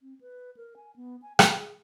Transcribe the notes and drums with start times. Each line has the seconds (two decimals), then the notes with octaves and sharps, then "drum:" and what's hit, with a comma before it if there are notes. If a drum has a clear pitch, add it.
0.01 C4
0.21 B4
0.57 A#4
0.76 G#5
0.96 B3
1.22 G#5
1.39 G#4, drum: rim click